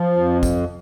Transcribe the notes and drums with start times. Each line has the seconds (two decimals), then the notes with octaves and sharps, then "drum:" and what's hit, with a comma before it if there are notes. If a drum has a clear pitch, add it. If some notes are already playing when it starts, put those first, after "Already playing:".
Already playing: F3
0.16 F2
0.43 drum: kick, tambourine